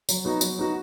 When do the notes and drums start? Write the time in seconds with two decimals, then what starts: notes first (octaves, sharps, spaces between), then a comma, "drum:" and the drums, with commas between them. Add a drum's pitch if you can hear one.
0.09 F#3, drum: tambourine
0.25 B3 D#4 F#4
0.41 F#3, drum: tambourine
0.58 B3 D#4 F#4